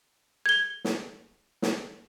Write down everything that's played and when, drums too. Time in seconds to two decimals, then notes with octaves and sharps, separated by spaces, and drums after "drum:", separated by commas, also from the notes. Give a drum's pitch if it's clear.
0.46 G#6 G7
0.85 drum: snare
1.62 drum: snare